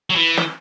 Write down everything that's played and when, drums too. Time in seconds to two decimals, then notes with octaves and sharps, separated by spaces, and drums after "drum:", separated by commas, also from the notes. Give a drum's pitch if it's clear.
0.10 F#3
0.16 E3
0.37 drum: snare